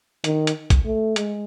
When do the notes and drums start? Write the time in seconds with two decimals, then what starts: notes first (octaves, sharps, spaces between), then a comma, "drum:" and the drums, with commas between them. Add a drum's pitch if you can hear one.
0.24 D#3, drum: hi-hat
0.47 drum: hi-hat
0.70 drum: kick, hi-hat
0.86 A3
1.16 G#3, drum: hi-hat